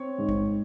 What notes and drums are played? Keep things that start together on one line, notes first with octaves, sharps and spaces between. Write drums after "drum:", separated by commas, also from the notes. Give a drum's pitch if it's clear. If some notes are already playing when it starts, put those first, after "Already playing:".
Already playing: C4 C#5
G#2
drum: kick